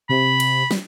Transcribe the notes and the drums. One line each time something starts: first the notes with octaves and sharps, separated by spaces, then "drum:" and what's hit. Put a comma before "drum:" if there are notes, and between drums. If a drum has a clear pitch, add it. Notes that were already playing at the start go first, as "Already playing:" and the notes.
C3 B5
drum: cymbal
drum: snare